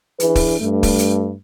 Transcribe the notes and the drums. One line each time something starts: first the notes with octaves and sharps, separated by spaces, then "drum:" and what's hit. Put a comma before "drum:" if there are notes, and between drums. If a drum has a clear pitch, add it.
E3 D4 G#4 B4, drum: hi-hat
drum: kick, open hi-hat
G2 A3
drum: kick, open hi-hat
drum: hi-hat